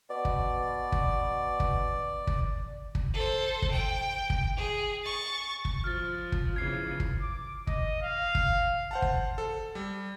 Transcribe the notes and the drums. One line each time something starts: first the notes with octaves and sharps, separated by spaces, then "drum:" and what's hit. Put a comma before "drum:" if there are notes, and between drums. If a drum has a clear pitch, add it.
B2 D5
drum: kick
drum: kick
drum: kick
drum: kick
drum: kick
A4 C5
drum: kick
G5
drum: kick
G#4
C#6 A6
drum: kick
F3 F6 A6
drum: kick
C#3 E3 F3 G#6 C7
drum: kick
D6
D#5, drum: kick
F5
drum: kick
C5 F#5 A5
drum: kick
A4
G3